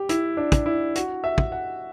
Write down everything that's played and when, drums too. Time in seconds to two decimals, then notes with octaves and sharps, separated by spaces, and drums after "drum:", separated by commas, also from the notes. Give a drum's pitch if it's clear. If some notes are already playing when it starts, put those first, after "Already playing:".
Already playing: G4
0.09 E4, drum: hi-hat
0.37 D4
0.52 drum: kick, hi-hat
0.66 E4
0.95 F#4, drum: hi-hat
1.24 E5
1.38 drum: kick
1.52 F#5